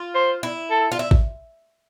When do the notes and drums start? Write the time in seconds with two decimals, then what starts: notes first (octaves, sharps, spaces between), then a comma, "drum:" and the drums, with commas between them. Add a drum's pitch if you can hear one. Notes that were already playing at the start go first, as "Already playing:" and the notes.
Already playing: F4
0.15 C5
0.43 E4
0.70 A4
0.92 F4
0.99 E4
1.11 drum: kick A1